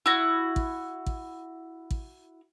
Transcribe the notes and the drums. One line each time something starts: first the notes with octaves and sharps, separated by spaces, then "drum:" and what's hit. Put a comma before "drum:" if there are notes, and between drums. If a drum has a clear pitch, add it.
E4 F#4
drum: kick A1
drum: kick A1
drum: kick A1